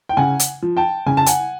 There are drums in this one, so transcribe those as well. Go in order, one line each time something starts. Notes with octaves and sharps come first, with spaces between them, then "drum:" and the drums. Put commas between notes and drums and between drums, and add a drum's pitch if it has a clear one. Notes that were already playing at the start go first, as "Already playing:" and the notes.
G5
C#3 F#5 G#5
drum: hi-hat
F3
G5 A5
C#3 G#5
A5
F#5 G#5, drum: hi-hat